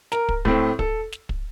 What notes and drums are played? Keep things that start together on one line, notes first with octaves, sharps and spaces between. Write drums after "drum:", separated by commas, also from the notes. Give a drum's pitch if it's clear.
A#4, drum: snare
drum: kick
A2 A3 C4, drum: kick
A4, drum: kick
drum: snare
drum: kick